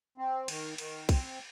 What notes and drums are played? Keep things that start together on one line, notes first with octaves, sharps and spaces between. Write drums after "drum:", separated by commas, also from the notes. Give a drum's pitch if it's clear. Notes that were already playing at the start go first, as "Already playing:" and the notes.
C4
D#3, drum: cymbal
D#3, drum: cymbal
C4, drum: kick, cymbal